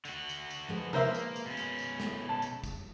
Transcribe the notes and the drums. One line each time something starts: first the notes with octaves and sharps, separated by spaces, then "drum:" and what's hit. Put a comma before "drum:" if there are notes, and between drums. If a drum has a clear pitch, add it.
D3 F#4, drum: tambourine
drum: tambourine
drum: tambourine
F3 G#3 B4
A#3 A#4 C5 E5, drum: tom C3
drum: tambourine
drum: tambourine
B2 C#4
drum: tambourine
drum: tambourine
drum: snare
A5
drum: tambourine
drum: kick, tambourine